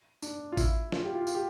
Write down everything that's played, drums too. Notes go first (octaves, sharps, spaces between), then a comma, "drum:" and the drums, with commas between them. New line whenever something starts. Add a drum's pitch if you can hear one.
D4, drum: tambourine
F4
E4, drum: kick A1, tambourine
F4, drum: snare
G4
F4
F4, drum: tambourine
G4